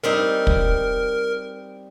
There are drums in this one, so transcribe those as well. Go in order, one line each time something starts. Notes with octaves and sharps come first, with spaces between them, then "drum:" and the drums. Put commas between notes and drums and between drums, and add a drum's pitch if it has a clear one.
G3 C4 D#4 A#4
drum: kick